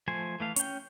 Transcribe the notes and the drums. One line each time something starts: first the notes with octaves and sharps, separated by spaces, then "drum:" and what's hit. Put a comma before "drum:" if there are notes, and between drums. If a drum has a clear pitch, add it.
F3 A3 C5 G#5
E3 A3 F5
C#4 G5, drum: hi-hat